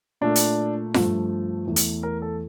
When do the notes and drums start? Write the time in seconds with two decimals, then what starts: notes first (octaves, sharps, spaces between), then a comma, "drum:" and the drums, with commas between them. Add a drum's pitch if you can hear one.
0.21 A#2 A3 D4
0.36 drum: hi-hat
0.94 G2 F3 A3, drum: snare F4
1.67 E2 E3 A3
1.76 drum: hi-hat
2.03 A#4
2.22 A4